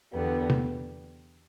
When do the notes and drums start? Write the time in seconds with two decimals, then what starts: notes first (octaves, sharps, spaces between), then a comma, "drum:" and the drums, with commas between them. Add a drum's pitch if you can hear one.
0.13 E2 D3 G3 B3
0.50 drum: tom